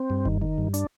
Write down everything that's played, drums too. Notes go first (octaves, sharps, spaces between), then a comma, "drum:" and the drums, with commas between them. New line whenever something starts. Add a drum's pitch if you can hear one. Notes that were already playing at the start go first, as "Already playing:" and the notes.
Already playing: C4
G2
D#3, drum: kick F#1
D#3
G2
D4, drum: hi-hat